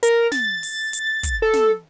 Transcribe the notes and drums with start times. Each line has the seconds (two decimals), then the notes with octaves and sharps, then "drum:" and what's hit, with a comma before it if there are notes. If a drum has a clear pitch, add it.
0.03 A#4, drum: hi-hat
0.32 A6, drum: snare
0.63 drum: open hi-hat
0.93 drum: hi-hat
1.23 drum: kick, hi-hat
1.42 A4
1.53 drum: snare